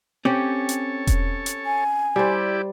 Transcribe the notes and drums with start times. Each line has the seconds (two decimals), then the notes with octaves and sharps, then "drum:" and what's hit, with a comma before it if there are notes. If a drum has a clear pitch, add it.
0.25 C4 C#4 G4 A4 C#5
0.69 drum: hi-hat
1.07 drum: kick E1, hi-hat
1.46 drum: hi-hat
1.65 G#5
2.16 G3 E4 G4 C5 D5